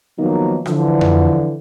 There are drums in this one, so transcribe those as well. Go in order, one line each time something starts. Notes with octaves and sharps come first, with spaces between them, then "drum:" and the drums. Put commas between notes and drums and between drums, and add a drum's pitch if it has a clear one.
D#3 F3 F#3 A#3 B3 D#4
D3 E3 F3, drum: rim click
drum: tom F2